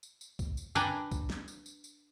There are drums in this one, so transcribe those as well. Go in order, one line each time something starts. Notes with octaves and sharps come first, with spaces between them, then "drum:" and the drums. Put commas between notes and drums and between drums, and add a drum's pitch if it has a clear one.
drum: tambourine
drum: tambourine
drum: kick, tambourine
drum: tambourine
D4 B4 G5 G#5 A#5, drum: tambourine
drum: kick, tambourine
drum: snare
drum: tambourine
drum: tambourine
drum: tambourine